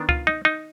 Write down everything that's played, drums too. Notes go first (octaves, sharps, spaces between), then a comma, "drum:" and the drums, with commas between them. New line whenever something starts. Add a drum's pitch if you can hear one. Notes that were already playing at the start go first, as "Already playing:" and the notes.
Already playing: D#3 B3 D4
F4, drum: kick C#2
D#4
D#4